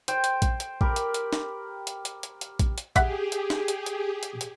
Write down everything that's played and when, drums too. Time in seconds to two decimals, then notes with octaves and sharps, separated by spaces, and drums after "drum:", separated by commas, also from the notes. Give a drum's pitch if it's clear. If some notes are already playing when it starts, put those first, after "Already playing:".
0.08 C5 G5, drum: hi-hat
0.24 drum: hi-hat
0.42 drum: kick A#1, hi-hat
0.60 drum: hi-hat
0.81 G4 A#4 B5, drum: kick A#1
0.96 drum: hi-hat
1.14 drum: hi-hat
1.33 drum: snare
1.87 drum: hi-hat
2.05 drum: hi-hat
2.23 drum: hi-hat
2.41 drum: hi-hat
2.59 drum: kick A#1, hi-hat
2.78 drum: hi-hat
2.96 G4 G#4 E5 F#5 B5, drum: kick A#1, hi-hat
3.32 drum: hi-hat
3.50 drum: snare
3.68 drum: hi-hat
3.86 drum: hi-hat
4.23 drum: hi-hat
4.41 drum: hi-hat